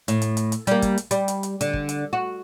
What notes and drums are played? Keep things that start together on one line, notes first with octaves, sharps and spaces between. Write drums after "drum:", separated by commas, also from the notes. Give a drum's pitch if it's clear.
A2, drum: hi-hat
drum: hi-hat
drum: hi-hat
drum: hi-hat
G3 A#3, drum: hi-hat
drum: kick, hi-hat
drum: hi-hat
G3, drum: hi-hat
drum: hi-hat
drum: hi-hat
D3, drum: hi-hat
drum: kick
drum: hi-hat
F#4